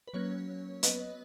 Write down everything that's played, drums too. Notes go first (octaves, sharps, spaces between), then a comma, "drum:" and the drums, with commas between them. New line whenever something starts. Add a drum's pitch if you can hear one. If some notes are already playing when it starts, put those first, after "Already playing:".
B4
F#3 A#3 C#4 C#5
F#3 B3 B4 D#5, drum: hi-hat